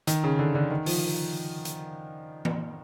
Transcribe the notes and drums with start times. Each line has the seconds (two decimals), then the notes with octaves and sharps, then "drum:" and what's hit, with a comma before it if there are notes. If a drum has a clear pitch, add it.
0.07 D#3, drum: hi-hat
0.24 C#3
0.39 D3
0.55 D3
0.71 D#3
0.86 F3, drum: open hi-hat
1.65 drum: hi-hat
2.45 drum: tom E3